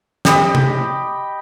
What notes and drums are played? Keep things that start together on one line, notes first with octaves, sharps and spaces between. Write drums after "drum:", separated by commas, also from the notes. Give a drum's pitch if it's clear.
G4 D#5 B5, drum: snare
drum: tom C3